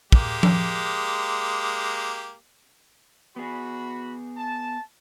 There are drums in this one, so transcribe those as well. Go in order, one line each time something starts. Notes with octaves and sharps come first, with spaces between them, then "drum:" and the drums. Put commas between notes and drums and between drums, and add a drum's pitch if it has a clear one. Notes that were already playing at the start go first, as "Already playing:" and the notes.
G#3 A#3 G4, drum: kick
drum: tom F3
B3 F#4 G#4 B5
A5